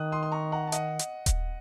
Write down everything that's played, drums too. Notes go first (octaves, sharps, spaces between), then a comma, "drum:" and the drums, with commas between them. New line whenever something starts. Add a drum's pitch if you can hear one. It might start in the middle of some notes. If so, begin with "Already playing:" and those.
Already playing: D#3 D#6 F#6
C6 D#6
C6
A#5 C#6
F#5 A#5
A5
D#5 F#5, drum: hi-hat
drum: hi-hat
drum: kick D#1, hi-hat